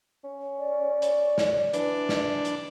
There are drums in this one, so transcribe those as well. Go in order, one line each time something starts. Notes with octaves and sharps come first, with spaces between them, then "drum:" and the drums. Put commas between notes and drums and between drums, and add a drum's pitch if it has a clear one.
C#4
D5
drum: hi-hat
drum: snare
E3 D4, drum: hi-hat
drum: snare
drum: hi-hat